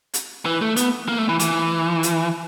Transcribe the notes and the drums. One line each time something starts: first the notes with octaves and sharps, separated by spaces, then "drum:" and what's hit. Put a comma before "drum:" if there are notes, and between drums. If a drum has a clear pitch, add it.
drum: hi-hat
E3
A3
B3, drum: hi-hat
A#3
A3
E3
E3, drum: hi-hat
drum: hi-hat